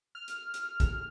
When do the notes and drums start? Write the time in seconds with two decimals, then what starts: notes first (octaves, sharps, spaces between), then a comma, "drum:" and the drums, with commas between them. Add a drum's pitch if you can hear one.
0.15 F6
0.28 drum: hi-hat
0.54 drum: hi-hat
0.80 drum: kick, hi-hat